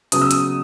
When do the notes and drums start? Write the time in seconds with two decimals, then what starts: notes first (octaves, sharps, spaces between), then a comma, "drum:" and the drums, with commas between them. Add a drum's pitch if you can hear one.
0.12 C#3 F#3 B3 D#6, drum: hi-hat
0.22 E6
0.31 D#6, drum: hi-hat